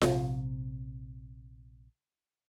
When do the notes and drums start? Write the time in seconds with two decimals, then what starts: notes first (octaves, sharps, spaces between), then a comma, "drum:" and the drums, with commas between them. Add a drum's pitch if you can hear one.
0.01 A#1 C3, drum: snare F4